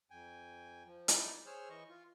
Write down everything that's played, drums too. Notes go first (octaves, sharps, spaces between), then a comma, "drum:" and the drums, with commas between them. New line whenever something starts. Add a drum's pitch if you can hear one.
F2 G5 G#5
F3
D#4 E4 A4 D5, drum: hi-hat
G#4 C5 C#5 E6 F6
E3 D#5 C#6
F4